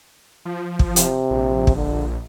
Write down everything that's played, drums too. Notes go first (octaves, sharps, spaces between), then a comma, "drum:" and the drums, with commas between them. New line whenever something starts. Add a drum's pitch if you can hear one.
F3
drum: kick
C3, drum: hi-hat
A#1
drum: kick
D3